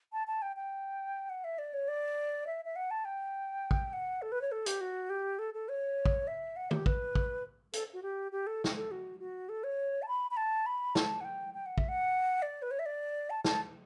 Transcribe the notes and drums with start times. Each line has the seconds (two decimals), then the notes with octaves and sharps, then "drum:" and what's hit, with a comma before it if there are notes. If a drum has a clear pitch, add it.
0.13 A5
0.27 A5
0.42 G5
0.56 G5
1.30 F#5
1.44 E5
1.59 D5
1.74 C#5
1.88 D5
2.47 E5
2.65 E5
2.76 F#5
2.91 A5
3.05 G5
3.71 drum: kick
3.93 F#5
4.22 A4
4.32 B4
4.42 C#5
4.52 A4
4.66 G4, drum: hi-hat
4.81 F#4
5.10 G4
5.39 A4
5.54 A4
5.69 C#5
6.06 drum: kick
6.27 E5
6.56 F#5
6.71 G4, drum: tom D#3
6.86 B4, drum: kick
7.15 drum: kick
7.73 A4, drum: hi-hat
7.93 F#4
8.03 G4
8.32 G4
8.47 A4
8.64 drum: snare
8.76 A4
8.91 F#4
9.20 F#4
9.49 A4
9.64 C#5
10.02 A5
10.08 B5
10.31 B5
10.37 A5
10.66 B5
10.95 A5, drum: snare
11.21 F#5
11.25 G5
11.54 G5
11.66 F#5
11.78 E5, drum: kick
11.89 F#5
12.42 D5
12.62 B4
12.71 C#5
12.79 E5
12.86 D5
13.30 A5
13.44 A5, drum: snare